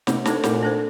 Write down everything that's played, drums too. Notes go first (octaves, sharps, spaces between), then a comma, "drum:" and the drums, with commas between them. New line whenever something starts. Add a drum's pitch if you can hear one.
C3 A3, drum: snare
D4 A4 C5, drum: snare
A#2 A3, drum: snare
D4 A4 C5